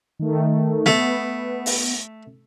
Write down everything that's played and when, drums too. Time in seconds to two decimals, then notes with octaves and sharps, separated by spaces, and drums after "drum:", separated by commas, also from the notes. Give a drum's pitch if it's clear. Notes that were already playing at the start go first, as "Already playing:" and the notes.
0.19 D#3 A3
0.86 A3 B3, drum: snare
1.66 drum: open hi-hat